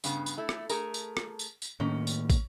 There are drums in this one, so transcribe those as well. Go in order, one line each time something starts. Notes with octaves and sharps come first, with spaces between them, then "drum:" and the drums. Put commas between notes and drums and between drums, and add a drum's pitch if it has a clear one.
G2 C#3 B3, drum: tambourine
drum: tambourine
A3 E4
drum: rim click
A3 G#4 A#4, drum: tambourine
drum: tambourine
drum: rim click
drum: tambourine
drum: tambourine
A2 D#3 A#3 C#4
drum: tambourine
drum: kick, tambourine